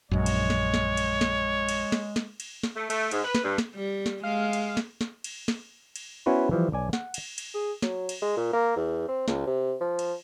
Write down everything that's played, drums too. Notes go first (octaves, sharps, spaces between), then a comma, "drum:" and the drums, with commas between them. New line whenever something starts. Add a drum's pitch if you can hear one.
A#1 F#2 G#3 C#5
drum: cymbal
drum: snare
drum: snare
drum: cymbal
drum: snare
drum: cymbal
drum: snare
drum: snare
drum: cymbal
drum: snare
A3
A3, drum: cymbal
G#2, drum: cymbal
B4
drum: snare
G2
drum: snare
G3
drum: snare
G#3 F5
drum: cymbal
drum: snare
drum: snare
drum: cymbal
drum: snare
drum: cymbal
B3 C#4 E4 F#4 B4 C5
E3 F3 G3
B1 D5 G#5
F#5, drum: snare
drum: cymbal
drum: cymbal
G#4
F#3, drum: snare
drum: cymbal
G#3
A#2
A#3
E2
C4
C#2, drum: snare
C3
F3
drum: cymbal